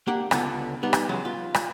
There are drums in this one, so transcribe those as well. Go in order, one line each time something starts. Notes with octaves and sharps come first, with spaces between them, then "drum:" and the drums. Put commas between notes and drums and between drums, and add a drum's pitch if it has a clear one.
A#3 D4 G4 F#5
C#2 D3 B3 F4 A4, drum: rim click
G3 B3 D#4
drum: rim click
C#3 E3 F#3 G#3
F4
drum: rim click